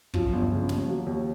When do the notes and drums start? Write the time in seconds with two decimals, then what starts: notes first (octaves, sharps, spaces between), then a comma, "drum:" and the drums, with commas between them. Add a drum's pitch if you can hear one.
0.14 F#2 F3, drum: kick
0.33 G1
0.52 C#3
0.69 D#2, drum: snare
0.88 F#3
1.06 D#2